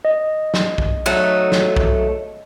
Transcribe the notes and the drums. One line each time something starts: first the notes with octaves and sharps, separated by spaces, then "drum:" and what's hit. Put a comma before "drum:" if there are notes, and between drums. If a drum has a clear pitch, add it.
D#5
drum: snare
drum: kick B1
F#3 A3 D#4
drum: snare
drum: kick B1